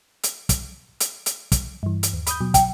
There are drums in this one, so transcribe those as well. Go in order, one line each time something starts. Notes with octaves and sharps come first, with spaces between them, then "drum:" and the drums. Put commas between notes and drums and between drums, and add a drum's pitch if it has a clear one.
drum: hi-hat
drum: kick, hi-hat
drum: hi-hat
drum: hi-hat
drum: kick, hi-hat
G2 E3
drum: hi-hat
D#2
B5 D#6 G6, drum: hi-hat
B2 F#3
G5, drum: kick, hi-hat